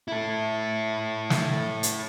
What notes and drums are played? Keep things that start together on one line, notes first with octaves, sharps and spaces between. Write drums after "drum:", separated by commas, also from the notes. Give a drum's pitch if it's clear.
E4 A4
drum: snare
drum: hi-hat